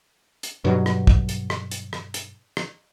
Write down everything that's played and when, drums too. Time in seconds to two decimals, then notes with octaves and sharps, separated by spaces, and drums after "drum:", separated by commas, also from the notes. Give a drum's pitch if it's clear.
0.43 drum: hi-hat
0.65 G2 B2 F#3
0.86 drum: rim click
1.07 drum: kick
1.29 drum: hi-hat
1.50 drum: rim click
1.71 drum: hi-hat
1.93 drum: rim click
2.14 drum: hi-hat
2.57 drum: rim click